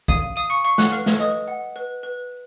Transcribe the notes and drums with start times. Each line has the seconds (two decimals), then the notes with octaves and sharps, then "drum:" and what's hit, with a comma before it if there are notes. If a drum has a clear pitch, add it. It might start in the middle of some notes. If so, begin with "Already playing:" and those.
0.08 F5 D#6 D#7, drum: kick
0.36 F5 D#6 D#7
0.50 C#6 C#7
0.64 F5 C#6 C#7
0.78 F#5 F#6, drum: snare
0.92 B4 F5 F6
1.06 drum: snare
1.19 B4 D#5 D#6
1.48 F#5
1.76 B4
2.03 B4